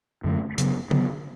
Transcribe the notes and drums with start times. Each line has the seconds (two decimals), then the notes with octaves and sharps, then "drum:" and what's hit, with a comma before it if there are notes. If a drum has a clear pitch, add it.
0.24 F#2 D3 F#3 A3
0.58 C#3 F#3 B3, drum: hi-hat
0.91 C#3 F#3 B3, drum: tom